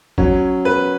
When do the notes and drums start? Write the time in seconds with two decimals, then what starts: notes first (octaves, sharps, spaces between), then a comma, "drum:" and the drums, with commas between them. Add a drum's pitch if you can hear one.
0.18 F#3 C#4, drum: kick A1
0.65 B4